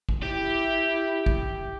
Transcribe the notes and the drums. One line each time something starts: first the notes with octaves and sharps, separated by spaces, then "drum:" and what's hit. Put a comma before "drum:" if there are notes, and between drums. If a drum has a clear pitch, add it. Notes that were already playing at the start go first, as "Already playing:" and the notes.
drum: kick
E4 G4
drum: kick